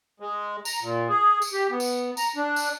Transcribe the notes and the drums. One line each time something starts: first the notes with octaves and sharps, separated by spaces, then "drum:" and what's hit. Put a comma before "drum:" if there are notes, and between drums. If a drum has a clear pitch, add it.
G#3
A#5, drum: tambourine
A#2
G#4
drum: tambourine
G4
B3
drum: tambourine
A#5, drum: tambourine
D4
drum: tambourine